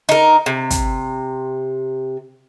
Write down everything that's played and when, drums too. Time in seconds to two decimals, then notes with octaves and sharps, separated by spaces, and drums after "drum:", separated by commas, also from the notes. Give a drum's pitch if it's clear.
0.09 D#4 A#4
0.46 C3
0.70 drum: kick, hi-hat